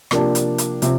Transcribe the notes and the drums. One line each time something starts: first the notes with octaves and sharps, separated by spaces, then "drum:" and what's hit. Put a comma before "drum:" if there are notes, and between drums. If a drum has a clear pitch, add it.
C3 F3 A#3 D4 G4, drum: rim click
drum: hi-hat
drum: hi-hat
C3 F3, drum: hi-hat